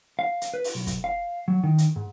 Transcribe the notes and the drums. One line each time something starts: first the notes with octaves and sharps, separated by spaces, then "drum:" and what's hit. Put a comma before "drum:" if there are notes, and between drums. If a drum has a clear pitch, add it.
F5
drum: hi-hat
B4
drum: open hi-hat
B1
drum: kick, hi-hat
F5
F#3
D#3
drum: hi-hat
G#2